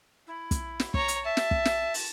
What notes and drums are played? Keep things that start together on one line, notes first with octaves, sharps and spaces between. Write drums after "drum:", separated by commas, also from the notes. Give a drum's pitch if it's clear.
E4
drum: kick, hi-hat
drum: snare
C#5 A#5, drum: kick
drum: hi-hat
E5 A5
drum: snare
drum: kick
drum: snare
drum: open hi-hat